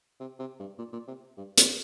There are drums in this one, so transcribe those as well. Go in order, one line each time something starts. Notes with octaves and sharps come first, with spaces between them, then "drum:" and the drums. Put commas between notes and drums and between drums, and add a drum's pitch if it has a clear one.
C3
C3
G2
A#2
A#2
C3
G2
A#2, drum: hi-hat